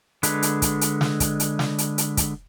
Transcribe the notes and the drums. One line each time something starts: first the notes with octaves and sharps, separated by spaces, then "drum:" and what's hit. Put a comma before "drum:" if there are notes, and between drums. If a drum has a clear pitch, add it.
D3 G#3 B4, drum: hi-hat
drum: hi-hat
drum: kick, hi-hat
drum: hi-hat
drum: snare
drum: kick, hi-hat
drum: hi-hat
drum: snare
drum: hi-hat
drum: hi-hat
drum: kick, hi-hat